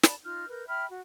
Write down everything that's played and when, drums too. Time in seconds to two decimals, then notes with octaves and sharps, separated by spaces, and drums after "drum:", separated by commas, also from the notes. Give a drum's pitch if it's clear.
0.03 D5 A5 B5, drum: snare
0.22 D#4 F4 F6 G6
0.48 A#4 B4 G6
0.67 E5 G5 B5 F6
0.88 F#4